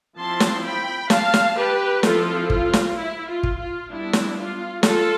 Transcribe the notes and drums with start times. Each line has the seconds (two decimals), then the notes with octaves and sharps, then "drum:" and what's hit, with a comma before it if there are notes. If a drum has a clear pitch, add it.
0.17 F3 C4 E4 A5 C6
0.40 drum: snare
0.64 G5 B5
1.10 F5 A5, drum: snare
1.34 drum: snare
1.57 G4 B4
2.03 F3 C4 E4 F4 A4, drum: snare
2.50 F4, drum: kick
2.73 drum: snare
2.97 E4
3.28 F4
3.43 drum: kick
3.59 F4
3.90 G3 B3 D4 E4
4.13 drum: snare
4.36 F4
4.83 F4 A4, drum: snare